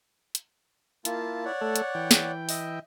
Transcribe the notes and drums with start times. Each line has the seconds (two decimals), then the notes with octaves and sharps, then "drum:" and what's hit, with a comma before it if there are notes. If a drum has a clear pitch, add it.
0.35 drum: hi-hat
1.05 A#3 E4 F4 A5, drum: hi-hat
1.45 C#5 D5 F#5
1.61 A3 A4
1.76 drum: hi-hat
1.95 E3 G5
2.11 drum: snare
2.49 D#5 E5, drum: open hi-hat